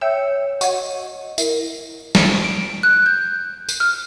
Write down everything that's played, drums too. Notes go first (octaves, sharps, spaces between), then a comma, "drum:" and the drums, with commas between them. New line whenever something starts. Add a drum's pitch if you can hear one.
C#5 E5 G5 E6
F#4 C#5 D#5, drum: tambourine
E4 A#4, drum: tambourine
drum: snare
D7
F#6
G6
drum: tambourine
F6